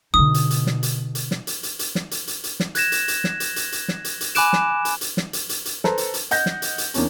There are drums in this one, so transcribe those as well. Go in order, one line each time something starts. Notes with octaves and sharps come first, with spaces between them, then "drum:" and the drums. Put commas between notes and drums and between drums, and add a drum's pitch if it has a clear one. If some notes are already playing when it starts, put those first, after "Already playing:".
B2 D3 D#4 D#6
drum: hi-hat
drum: hi-hat
drum: snare
drum: hi-hat
drum: hi-hat
drum: snare
drum: hi-hat
drum: hi-hat
drum: hi-hat
drum: snare
drum: hi-hat
drum: hi-hat
drum: hi-hat
drum: snare
F#6 G#6 A#6 E7, drum: hi-hat
drum: hi-hat
drum: hi-hat
drum: snare
drum: hi-hat
drum: hi-hat
drum: hi-hat
drum: snare
drum: hi-hat
drum: hi-hat
G#5 B5 D6 F#6 D7 E7, drum: hi-hat
drum: snare
drum: hi-hat
drum: hi-hat
drum: snare
drum: hi-hat
drum: hi-hat
drum: hi-hat
A4 B4 C5 A#5, drum: snare
drum: hi-hat
drum: hi-hat
D#5 F#5 G6 A#6, drum: hi-hat
drum: snare
drum: hi-hat
drum: hi-hat
E2 A#3 C#4 D4, drum: hi-hat